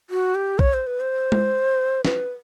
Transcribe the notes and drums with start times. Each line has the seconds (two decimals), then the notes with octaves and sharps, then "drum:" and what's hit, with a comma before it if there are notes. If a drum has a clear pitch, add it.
0.10 F#4
0.35 G4
0.59 C#5, drum: kick
0.74 C5
0.87 B4
1.00 C5
1.32 drum: tom G#3
2.05 B4, drum: snare